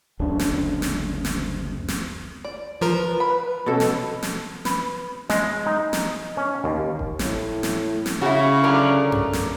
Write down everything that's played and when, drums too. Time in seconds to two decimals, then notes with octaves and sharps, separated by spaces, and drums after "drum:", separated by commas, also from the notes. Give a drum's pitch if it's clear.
0.19 F#1 D2 C#4 D4
0.39 drum: snare
0.82 drum: snare
1.25 drum: snare
1.88 drum: snare
2.45 D5
2.81 F3 A#4 B4
3.20 B5
3.66 B2 C#4 A4
3.80 drum: snare
4.23 drum: snare
4.65 B4, drum: snare
5.30 G#3, drum: snare
5.66 D#4
5.93 drum: snare
6.37 C#4
6.64 D#2
6.99 drum: kick F#1
7.19 A2, drum: snare
7.63 drum: snare
8.06 drum: snare
8.21 C#3 E4 F#4
8.64 D3 F#3 A#4
9.12 drum: tom F#2
9.33 drum: snare